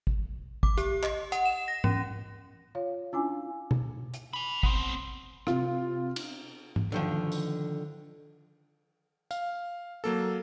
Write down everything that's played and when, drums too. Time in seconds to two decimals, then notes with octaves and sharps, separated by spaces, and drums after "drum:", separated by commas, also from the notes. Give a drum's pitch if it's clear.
0.07 drum: kick
0.63 D6, drum: kick
0.78 G4, drum: hi-hat
1.03 D#5, drum: clap
1.32 F#5, drum: hi-hat
1.45 E7
1.68 A#6
1.84 C#4, drum: tom G#2
2.75 F4 C#5 F5
3.13 C#4 D4 E4 F4 G#5 D6 E6
3.71 drum: tom B2
4.14 drum: hi-hat
4.33 G#5 B5
4.63 B3 C4, drum: kick
5.47 C3 F4, drum: rim click
6.16 drum: cymbal
6.76 drum: tom G#2
6.92 D3 D#3 F3
7.32 drum: tambourine
9.31 F5, drum: tambourine
10.04 F#3 A#3 A4